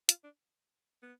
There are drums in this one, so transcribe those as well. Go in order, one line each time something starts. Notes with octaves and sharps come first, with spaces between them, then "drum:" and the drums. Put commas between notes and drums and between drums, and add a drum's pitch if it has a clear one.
F4, drum: hi-hat
D4
B3